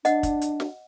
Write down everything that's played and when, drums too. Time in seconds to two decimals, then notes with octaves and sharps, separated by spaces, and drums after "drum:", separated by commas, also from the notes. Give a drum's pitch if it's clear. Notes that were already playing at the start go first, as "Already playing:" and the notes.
0.05 D4 D#5 F#5, drum: hi-hat
0.23 drum: kick, hi-hat
0.41 drum: hi-hat
0.60 drum: snare